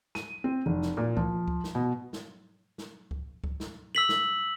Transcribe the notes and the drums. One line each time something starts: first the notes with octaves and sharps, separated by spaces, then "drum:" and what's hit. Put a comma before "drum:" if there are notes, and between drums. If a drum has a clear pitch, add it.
D#7, drum: snare
C4
F1
drum: snare
A#2
F3, drum: kick C#2
drum: kick C#2
drum: snare
B2
drum: snare
drum: snare
drum: kick C#2
drum: kick C#2
drum: snare
E6 B6 F#7
drum: snare